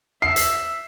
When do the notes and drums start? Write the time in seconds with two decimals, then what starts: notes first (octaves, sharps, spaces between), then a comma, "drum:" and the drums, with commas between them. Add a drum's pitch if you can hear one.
0.22 E5 C7
0.36 drum: hi-hat